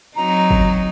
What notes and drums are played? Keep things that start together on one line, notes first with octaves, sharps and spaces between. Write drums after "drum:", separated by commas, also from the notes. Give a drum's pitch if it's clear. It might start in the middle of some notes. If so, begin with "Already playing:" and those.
F#3 C4 D#4 A#5
drum: kick